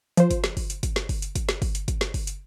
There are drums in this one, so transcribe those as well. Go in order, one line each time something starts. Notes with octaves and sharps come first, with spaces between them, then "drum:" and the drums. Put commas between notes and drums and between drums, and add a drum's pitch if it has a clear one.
F3 C5, drum: hi-hat
drum: kick, hi-hat
drum: snare
drum: kick, open hi-hat
drum: hi-hat
drum: kick, hi-hat
drum: snare
drum: kick, open hi-hat
drum: hi-hat
drum: kick, hi-hat
drum: snare
drum: kick, open hi-hat
drum: hi-hat
drum: kick, hi-hat
drum: snare
drum: kick, open hi-hat
drum: hi-hat